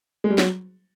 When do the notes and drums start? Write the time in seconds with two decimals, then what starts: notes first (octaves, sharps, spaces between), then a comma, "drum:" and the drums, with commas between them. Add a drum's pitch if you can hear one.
0.24 G#3
0.30 G3
0.38 F#3, drum: snare